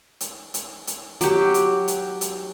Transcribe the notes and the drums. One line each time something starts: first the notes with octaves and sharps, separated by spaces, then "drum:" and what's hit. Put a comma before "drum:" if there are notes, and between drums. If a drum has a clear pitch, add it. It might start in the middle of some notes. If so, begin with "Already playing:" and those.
drum: hi-hat
drum: hi-hat
drum: hi-hat
F#3 G4, drum: hi-hat
drum: hi-hat
drum: hi-hat
drum: hi-hat